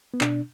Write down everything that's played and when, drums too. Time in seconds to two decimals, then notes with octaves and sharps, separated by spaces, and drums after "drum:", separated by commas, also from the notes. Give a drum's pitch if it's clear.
0.14 B3
0.21 B2 D4, drum: clap